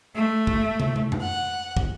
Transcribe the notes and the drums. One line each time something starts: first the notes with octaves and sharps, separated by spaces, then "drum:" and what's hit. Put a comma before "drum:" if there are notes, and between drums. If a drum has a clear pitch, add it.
A3
drum: kick
drum: tom
drum: tom
drum: tom F2
F#5
drum: kick